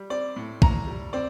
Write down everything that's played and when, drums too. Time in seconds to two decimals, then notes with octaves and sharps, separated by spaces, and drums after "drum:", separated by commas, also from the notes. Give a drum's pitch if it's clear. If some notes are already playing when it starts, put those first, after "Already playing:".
Already playing: G3
0.10 C4 D5
0.36 A2
0.62 A2 A#5, drum: kick
0.87 G3
1.13 C4 D5